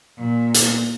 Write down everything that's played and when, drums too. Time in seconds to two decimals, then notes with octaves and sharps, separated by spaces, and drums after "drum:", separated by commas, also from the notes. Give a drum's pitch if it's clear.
0.19 A#2
0.54 drum: hi-hat